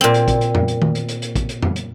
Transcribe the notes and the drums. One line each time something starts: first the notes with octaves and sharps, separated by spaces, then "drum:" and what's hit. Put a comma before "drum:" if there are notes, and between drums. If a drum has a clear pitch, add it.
A#2 C4
drum: hi-hat
drum: kick, hi-hat
drum: hi-hat
drum: tom F2
drum: hi-hat
drum: tom D#3
drum: hi-hat
drum: hi-hat
drum: hi-hat
drum: kick, hi-hat
drum: hi-hat
drum: tom F2
drum: hi-hat